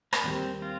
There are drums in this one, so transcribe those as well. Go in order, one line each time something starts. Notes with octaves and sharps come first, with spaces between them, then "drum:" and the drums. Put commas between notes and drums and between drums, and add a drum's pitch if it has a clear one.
A#3, drum: rim click
D#2 D#3 G3 C4
C4 F4